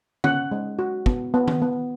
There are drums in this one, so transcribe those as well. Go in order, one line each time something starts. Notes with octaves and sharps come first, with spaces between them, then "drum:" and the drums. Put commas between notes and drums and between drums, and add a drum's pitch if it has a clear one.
C#4 F#5, drum: tom D3
G#3
F#4
B3, drum: kick
B3
drum: tom D#3
B3